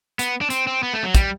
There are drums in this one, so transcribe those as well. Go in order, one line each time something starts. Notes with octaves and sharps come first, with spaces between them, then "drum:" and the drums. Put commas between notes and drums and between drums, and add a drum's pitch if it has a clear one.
B3, drum: hi-hat
D4
C4, drum: hi-hat
C4
B3
A3
F#3
G3, drum: kick, hi-hat